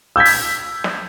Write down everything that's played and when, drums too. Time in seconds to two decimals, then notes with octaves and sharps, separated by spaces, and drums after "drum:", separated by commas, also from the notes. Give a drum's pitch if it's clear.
0.16 E6 G6 G#6 B6
0.25 drum: open hi-hat
0.84 drum: snare